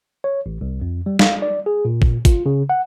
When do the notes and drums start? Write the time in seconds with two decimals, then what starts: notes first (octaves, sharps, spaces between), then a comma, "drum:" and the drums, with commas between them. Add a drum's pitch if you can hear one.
0.24 C#5
0.46 A1
0.61 C2
0.81 F2
1.06 G3
1.19 F5, drum: snare
1.42 D5
1.66 G#4
1.85 A#2
2.02 drum: kick
2.25 F4, drum: kick, hi-hat
2.46 C#3
2.70 F#5